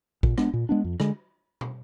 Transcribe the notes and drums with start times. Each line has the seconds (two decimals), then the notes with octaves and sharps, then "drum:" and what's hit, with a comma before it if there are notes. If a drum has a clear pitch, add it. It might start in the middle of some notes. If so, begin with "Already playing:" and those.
0.23 A#2, drum: kick A1
0.38 G#3 B3 D4, drum: rim click
0.54 A#2
0.69 G#3 B3 D4
0.84 F2
1.00 D3 G#3, drum: rim click
1.61 drum: tom